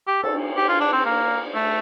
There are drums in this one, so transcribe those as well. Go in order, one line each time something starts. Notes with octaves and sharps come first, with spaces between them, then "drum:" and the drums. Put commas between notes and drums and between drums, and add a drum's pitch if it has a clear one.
G4
A4, drum: cymbal
G4
F4
D4
C4
A#3
A3